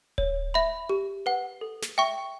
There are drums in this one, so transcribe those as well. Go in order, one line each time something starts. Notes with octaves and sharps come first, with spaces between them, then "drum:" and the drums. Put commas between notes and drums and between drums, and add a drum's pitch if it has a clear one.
C#5, drum: kick D1
E5 B5
G4
B4 F#5
A4
drum: snare
E5 G5 C#6